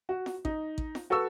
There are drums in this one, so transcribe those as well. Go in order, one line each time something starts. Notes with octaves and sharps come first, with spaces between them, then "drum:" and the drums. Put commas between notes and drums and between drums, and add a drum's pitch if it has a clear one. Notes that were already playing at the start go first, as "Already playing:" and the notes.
F#4
drum: snare
D#4, drum: kick A1
drum: kick A1
drum: snare
F#4 A4 B4 C#6 E6